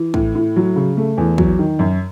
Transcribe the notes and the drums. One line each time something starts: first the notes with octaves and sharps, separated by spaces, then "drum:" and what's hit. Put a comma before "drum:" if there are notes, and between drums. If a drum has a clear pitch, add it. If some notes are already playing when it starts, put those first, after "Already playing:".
Already playing: E3
A2, drum: kick
A2
F#3
C#3
A3
E2
F#3, drum: kick
D#3
F#2